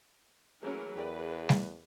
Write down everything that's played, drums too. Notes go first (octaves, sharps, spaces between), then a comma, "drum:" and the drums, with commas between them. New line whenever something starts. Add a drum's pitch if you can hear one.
E3 F#3 A3 A#3 C#4 G#4 A#4
E2 G4 A#4 B4 D5
drum: snare G3